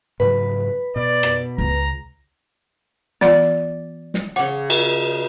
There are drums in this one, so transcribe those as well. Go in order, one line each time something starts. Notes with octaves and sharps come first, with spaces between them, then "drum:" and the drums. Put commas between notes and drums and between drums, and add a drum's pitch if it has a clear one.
G#2 C#3 F#3 B4
B2 D5
drum: rim click
C#2 A#5
E3 B3 F4 D5, drum: snare
drum: snare
C#3 C#5 F#5 D6
drum: cymbal